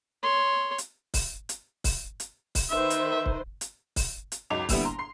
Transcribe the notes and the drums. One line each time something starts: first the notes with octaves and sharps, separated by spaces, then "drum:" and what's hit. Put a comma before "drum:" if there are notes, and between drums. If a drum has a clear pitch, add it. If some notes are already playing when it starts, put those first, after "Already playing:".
C#5 C6
drum: hi-hat
drum: kick C#1, open hi-hat
drum: hi-hat
drum: kick C#1, open hi-hat
drum: hi-hat
drum: kick C#1, open hi-hat
D#3 B4 C5 E5
drum: hi-hat
drum: kick C#1
drum: hi-hat
drum: kick C#1, open hi-hat
drum: hi-hat
C#2 F#2 D#4 D6 F7
A#2 D3 G3 B3 E4, drum: kick C#1, open hi-hat
A#5 C6
C6 C7